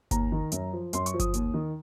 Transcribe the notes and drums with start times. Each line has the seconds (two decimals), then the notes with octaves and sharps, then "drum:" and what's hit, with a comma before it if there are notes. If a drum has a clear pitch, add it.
0.11 D#2 A#5, drum: kick G1, hi-hat
0.32 D#3
0.52 F#2, drum: hi-hat
0.73 F3
0.93 F#2 C6, drum: hi-hat
1.06 C#6, drum: hi-hat
1.14 F3
1.20 D#6, drum: kick G1, hi-hat
1.34 D#2, drum: hi-hat
1.54 D#3